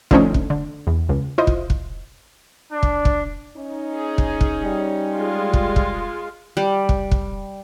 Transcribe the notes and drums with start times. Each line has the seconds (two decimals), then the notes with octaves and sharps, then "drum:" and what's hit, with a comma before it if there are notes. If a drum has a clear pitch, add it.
0.11 D3 F3 A3 C4 C#4 D#4, drum: kick
0.34 drum: kick
0.50 D3
0.87 E2
1.09 C#2
1.38 E4 F4 C5 D#5
1.47 drum: kick
1.70 drum: kick
2.72 D4
2.83 drum: kick
3.05 drum: kick
3.57 C#4 D#4
3.95 G#4
4.18 drum: kick
4.41 drum: kick
4.63 G3
5.14 G#3 F4
5.53 drum: kick
5.76 drum: kick
6.57 G3
6.89 drum: kick
7.11 drum: kick